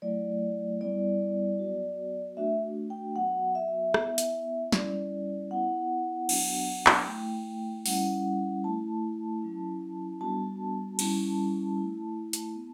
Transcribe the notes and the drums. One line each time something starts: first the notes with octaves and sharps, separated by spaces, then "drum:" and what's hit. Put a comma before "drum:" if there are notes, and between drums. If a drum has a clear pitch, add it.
F#3 A3 E4 D5
G3 B3 E4 D5
F#3 B3 F#4
A3 D4 F#4 E5
G5
F#3 B3 F#4 F#5
E5
B3 E4, drum: rim click
drum: hi-hat
G3 C#4 E4 D5, drum: snare
B3 E4 F#5
F#3 B3 D4 F#4, drum: cymbal
drum: clap
A3 E4 G5
G3 C#4 E4 F#5, drum: open hi-hat
A3 E4 A5
F#3 C#4 E4
G3 B3 D4 F#4 A5
G3 C#4 E4, drum: cymbal
A3 E4
drum: hi-hat
B3